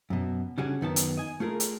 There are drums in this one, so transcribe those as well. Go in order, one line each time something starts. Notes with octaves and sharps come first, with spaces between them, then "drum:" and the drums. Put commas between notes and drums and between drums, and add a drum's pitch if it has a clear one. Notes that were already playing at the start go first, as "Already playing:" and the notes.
F#2 B2
C#3 G3 C#4 D4 F#4 G#4
F#2 D#3 B3 A5
drum: hi-hat
D#5 G#5
A3 F4 G#4 A#4
drum: hi-hat